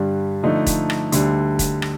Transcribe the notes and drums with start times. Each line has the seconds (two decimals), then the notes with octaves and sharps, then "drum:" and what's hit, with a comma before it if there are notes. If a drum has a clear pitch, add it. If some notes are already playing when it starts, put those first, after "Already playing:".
Already playing: G2 D3 G3
0.43 D3 F3 A3 D#4
0.67 drum: kick E1, hi-hat
0.90 drum: rim click
1.12 D2 D3 G3, drum: hi-hat
1.59 drum: kick E1, hi-hat
1.82 drum: rim click